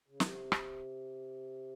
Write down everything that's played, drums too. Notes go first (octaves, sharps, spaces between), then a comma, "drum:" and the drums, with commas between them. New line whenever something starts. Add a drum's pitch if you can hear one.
C#3
C3, drum: snare
drum: rim click